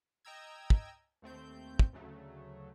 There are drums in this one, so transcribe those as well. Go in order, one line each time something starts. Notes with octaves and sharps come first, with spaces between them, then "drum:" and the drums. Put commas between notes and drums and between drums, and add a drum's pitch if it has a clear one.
D#5 G5 A#5 E6 G#6
drum: kick
D#2 A3 C4 G6
drum: kick
D2 C#3 F#3 A3